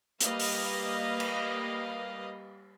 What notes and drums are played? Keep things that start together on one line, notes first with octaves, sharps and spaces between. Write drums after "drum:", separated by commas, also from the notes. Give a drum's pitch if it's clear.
G3 A#3 B4 D#5 F5, drum: hi-hat
drum: open hi-hat
drum: cymbal